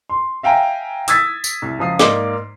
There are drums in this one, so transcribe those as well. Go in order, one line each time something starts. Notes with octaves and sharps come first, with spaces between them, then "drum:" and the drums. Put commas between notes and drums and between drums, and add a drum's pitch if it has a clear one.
C6
E5 F5 G5 G#5 A#5
D#6 E6 G#6 A6 B6, drum: hi-hat
drum: tambourine
C2
C#2 F3 D#6 C7
G#2 A#3 D#4 D5 D6, drum: snare